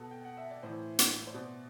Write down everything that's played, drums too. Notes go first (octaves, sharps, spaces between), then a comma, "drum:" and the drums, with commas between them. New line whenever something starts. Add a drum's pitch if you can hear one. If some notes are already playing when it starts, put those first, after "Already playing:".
Already playing: B2 A4
G5
F#5
E5
D5
A2 E3 C5
drum: hi-hat
C5
B2 D5